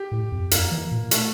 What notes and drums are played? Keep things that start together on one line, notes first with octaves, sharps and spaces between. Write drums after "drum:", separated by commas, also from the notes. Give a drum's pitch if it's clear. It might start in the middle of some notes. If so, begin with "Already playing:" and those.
Already playing: G4
A2
F2
F2 A#3, drum: hi-hat
E3
A#2
A3, drum: hi-hat